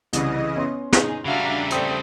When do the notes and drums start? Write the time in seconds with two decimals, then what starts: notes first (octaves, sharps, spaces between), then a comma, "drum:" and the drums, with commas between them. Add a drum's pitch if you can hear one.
0.13 C2 C#3 E3 D#5, drum: hi-hat
0.56 B3 C#4 C6
0.93 D#4 G#4, drum: snare
1.25 C#3 G3 D4 F#4 E5 F5 A#5
1.70 A3 C4 D5 D#6 B6 C#7 D#7, drum: hi-hat